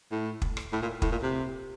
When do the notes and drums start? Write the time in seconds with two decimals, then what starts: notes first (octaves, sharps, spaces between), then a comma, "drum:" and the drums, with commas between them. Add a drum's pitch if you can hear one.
0.11 A2
0.42 drum: kick
0.57 drum: rim click
0.72 A2
0.82 A#2
1.02 A2, drum: kick
1.12 A#2
1.22 C3